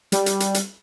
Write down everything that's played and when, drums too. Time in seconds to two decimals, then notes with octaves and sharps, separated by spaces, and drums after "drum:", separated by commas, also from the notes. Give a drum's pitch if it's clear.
0.12 G3, drum: hi-hat
0.26 drum: hi-hat
0.40 drum: hi-hat
0.54 drum: hi-hat